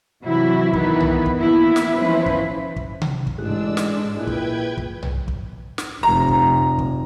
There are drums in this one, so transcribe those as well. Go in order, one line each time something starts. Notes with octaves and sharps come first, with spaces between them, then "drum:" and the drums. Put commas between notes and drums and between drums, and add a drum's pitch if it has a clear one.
C3 E3 F#3 E4 F#4
D#3 E3 B3 E4 B4, drum: kick
drum: tom B1
drum: kick
E3 A#3 B3 E4
drum: snare
E3 F3 C#4 E4 B4 C5
drum: kick
drum: kick
drum: tom C3
drum: kick
A1 G#2 G#3 D4 G#4 E6 F#6
drum: snare
A#2 E4 G#4 B4 G5 F#6 G#6
drum: kick
drum: kick
drum: tom B1
drum: kick
drum: snare
F1 A#5
drum: kick
drum: kick